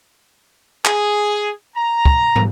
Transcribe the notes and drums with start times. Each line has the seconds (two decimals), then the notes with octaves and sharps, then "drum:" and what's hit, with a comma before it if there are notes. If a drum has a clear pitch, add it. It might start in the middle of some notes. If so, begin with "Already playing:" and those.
0.85 G#4, drum: clap
1.76 A#5
2.06 drum: kick
2.36 drum: tom